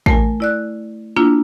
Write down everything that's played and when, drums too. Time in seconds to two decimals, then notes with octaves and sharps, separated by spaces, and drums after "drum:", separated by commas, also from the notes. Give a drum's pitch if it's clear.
0.06 A3 A#4 G#5, drum: kick A1
0.40 E4 D5 F#6
1.16 A#3 D4 E4 F4